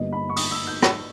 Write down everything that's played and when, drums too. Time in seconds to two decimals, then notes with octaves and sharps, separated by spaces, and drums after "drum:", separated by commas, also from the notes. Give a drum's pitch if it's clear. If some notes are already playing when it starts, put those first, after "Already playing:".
Already playing: G1 G2 G3 A#3 D#5
0.12 B5
0.29 C#6
0.36 D#6, drum: open hi-hat
0.51 E6
0.67 G6
0.82 E6, drum: rim click